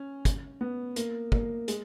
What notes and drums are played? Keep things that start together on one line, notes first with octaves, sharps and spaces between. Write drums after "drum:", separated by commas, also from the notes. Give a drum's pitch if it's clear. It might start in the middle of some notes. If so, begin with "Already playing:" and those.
Already playing: C#4
drum: kick, hi-hat
B3
A#3, drum: hi-hat
A#3, drum: kick
G#3, drum: hi-hat